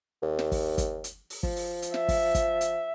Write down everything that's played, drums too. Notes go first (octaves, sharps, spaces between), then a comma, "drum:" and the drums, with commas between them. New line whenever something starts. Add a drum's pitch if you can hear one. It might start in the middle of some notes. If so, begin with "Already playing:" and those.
D#2
drum: snare
drum: kick, open hi-hat
drum: kick, hi-hat
drum: hi-hat
drum: open hi-hat
F3, drum: kick
drum: open hi-hat
drum: hi-hat
E5, drum: snare
drum: kick, open hi-hat
drum: kick, hi-hat
drum: hi-hat